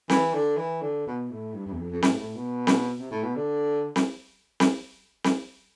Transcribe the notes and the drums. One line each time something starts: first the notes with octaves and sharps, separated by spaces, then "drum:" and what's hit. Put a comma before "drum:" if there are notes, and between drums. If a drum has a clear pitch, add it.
E3, drum: snare C4
D3
E3
D3
B2
A2
G2
G2
E2
F2
F2
A2, drum: snare C4
A2
B2
drum: snare C4
C3
A2
B2
D3
drum: snare C4
drum: snare C4
drum: snare C4